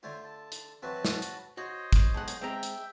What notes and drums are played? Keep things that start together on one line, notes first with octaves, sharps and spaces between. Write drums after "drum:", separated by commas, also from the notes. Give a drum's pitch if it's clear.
D3 A3 F4 C5 C#5
A5
drum: hi-hat
E3 F#3 C4 F#4 B4 A5
drum: snare
drum: hi-hat
F#4 C5 C#5 D#5 F5
drum: kick, hi-hat
B1 G#3 F#5
drum: hi-hat
G#3 C4 E5 G5 A#5
drum: hi-hat